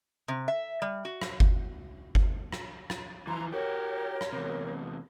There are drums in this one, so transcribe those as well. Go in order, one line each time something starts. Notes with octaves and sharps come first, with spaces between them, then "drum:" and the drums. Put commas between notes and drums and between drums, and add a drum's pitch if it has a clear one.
C3
E5
G3
F#4
drum: rim click
drum: kick G1
drum: kick G1
drum: rim click
drum: rim click
E3 F3 A#5 C6
F#4 G4 A#4 C#5
drum: rim click
E2 C3